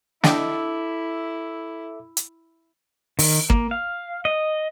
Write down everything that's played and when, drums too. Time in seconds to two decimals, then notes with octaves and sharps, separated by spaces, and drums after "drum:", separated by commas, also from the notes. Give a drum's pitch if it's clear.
0.24 D4 E4 A4 D#5 E5 G5 D6, drum: snare
2.17 drum: hi-hat
3.19 D#3, drum: open hi-hat
3.50 A#3, drum: kick
3.71 F5
4.25 D#5